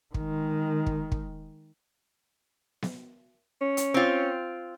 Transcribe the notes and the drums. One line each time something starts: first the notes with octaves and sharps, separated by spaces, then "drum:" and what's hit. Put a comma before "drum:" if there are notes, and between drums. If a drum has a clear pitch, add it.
D#3 G#3, drum: kick
drum: kick
drum: kick
drum: snare B3
C#4
drum: hi-hat
C4 F4